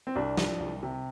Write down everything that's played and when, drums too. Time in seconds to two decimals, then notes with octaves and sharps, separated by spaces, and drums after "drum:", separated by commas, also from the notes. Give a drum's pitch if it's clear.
0.07 C4
0.15 C2 D4
0.37 F3, drum: snare
0.60 C2
0.83 C3